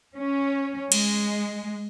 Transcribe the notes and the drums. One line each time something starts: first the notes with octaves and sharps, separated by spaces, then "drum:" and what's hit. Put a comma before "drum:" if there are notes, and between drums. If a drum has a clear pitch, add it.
C#4
G#3, drum: cymbal